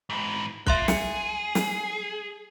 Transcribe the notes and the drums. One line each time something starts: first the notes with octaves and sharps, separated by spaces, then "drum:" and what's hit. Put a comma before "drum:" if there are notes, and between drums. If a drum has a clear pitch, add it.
G#2 E3
A#3 F4 E5 C6 F#6, drum: kick B1
G#4 C#7, drum: snare
drum: snare